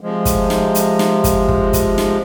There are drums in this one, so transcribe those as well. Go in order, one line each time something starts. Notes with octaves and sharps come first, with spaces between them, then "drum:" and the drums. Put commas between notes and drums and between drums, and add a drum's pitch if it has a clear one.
C3 F3 G#3
drum: kick, hi-hat
drum: snare
drum: hi-hat
drum: snare
drum: kick, hi-hat
drum: kick
drum: kick, hi-hat
drum: snare